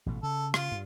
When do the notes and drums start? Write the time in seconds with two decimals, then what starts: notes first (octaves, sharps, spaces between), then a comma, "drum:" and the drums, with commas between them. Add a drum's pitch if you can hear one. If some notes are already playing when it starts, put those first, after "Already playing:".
0.06 A1 B2 A3
0.23 C#3 A4
0.54 F4, drum: rim click
0.72 G2